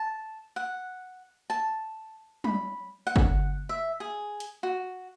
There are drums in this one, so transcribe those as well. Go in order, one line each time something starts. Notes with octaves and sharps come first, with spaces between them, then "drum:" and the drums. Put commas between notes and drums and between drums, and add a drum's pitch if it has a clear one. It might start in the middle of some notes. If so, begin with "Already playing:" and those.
Already playing: A5
F#5
A5
B5, drum: tom F#3
F#5
drum: kick G1
E5
G#4
drum: hi-hat
F#4